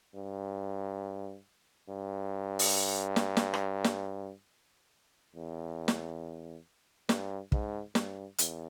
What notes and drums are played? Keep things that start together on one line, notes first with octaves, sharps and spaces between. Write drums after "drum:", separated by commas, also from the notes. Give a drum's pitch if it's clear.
G2
G2
drum: open hi-hat
drum: snare
drum: snare
drum: rim click
drum: snare
E2
drum: snare
G2, drum: snare
G#2, drum: kick
G2, drum: snare
E2, drum: hi-hat